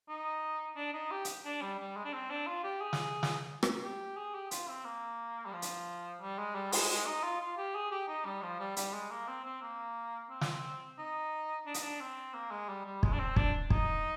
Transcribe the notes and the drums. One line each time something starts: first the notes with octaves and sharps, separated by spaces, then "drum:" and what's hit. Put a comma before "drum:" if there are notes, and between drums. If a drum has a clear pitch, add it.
D#4
D4
D#4
G4
drum: hi-hat
D4
G3
G3
G#3
D4
C4
D4
F4
G4
G#4
drum: snare
drum: snare
drum: rim click
G4
G#4
G4
F4, drum: hi-hat
C4
A#3
G3
F3
drum: hi-hat
G3
G#3
G3
G#3, drum: open hi-hat
G#3
D#4
F4
F4
G4
G#4
G4
D#4
G3
F3
G3
G3, drum: hi-hat
G#3
A#3
C4
C4
A#3
C4
drum: snare
D#4
D4
D#4, drum: hi-hat
D4
C4
A#3
G#3
G3
G3
G#3, drum: kick
D4
C4
D4, drum: kick
D#4, drum: kick